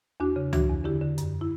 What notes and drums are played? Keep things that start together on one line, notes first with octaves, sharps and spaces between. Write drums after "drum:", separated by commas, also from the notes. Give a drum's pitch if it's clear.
E2 D4 F#4
C#3
E3 D4 F#4, drum: tom C#2
E2
D3 E4 G4
D3
F#2, drum: hi-hat
E4